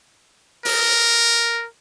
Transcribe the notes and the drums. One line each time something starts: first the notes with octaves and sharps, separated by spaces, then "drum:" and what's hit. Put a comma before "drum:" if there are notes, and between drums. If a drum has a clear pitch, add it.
A#4, drum: open hi-hat